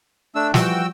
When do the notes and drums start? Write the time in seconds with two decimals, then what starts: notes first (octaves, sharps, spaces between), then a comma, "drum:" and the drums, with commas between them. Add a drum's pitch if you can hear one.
0.35 A3 D4 E6
0.54 E3 F3 G3 F#4 G5 E6, drum: snare